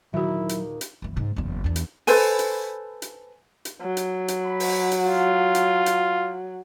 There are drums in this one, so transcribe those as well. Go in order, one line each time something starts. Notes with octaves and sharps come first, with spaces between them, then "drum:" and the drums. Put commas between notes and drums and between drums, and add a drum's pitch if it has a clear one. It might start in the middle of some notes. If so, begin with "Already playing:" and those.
D#1 D#3 F#3 E4 F#4 E5
drum: hi-hat
drum: hi-hat
F#1 E3
G#2 C#3
F#1 E2
E2 D4
drum: hi-hat
A4 B4 C5 G#5, drum: open hi-hat
drum: hi-hat
drum: hi-hat
drum: hi-hat
F#3
drum: hi-hat
drum: hi-hat
B5
drum: open hi-hat
drum: hi-hat
F4
drum: hi-hat
drum: hi-hat